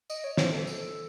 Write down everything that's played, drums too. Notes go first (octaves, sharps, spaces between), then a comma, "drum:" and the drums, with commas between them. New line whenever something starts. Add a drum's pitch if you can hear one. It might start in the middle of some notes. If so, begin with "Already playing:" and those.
D#5, drum: tambourine
C#5
C5, drum: snare
A4
drum: tambourine